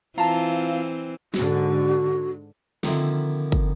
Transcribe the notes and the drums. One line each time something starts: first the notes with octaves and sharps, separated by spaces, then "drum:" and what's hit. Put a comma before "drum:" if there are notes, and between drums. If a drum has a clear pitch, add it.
E3 C4 F4 A5 A#5
G#2 D3 F#4, drum: snare
D3 D#3 F3 A#3 C4 E4, drum: snare
drum: kick